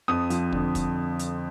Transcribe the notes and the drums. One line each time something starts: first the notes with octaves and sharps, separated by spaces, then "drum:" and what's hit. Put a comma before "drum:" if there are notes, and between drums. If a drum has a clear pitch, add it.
F2 D#6
F3, drum: hi-hat
D3, drum: kick
drum: kick, hi-hat
drum: hi-hat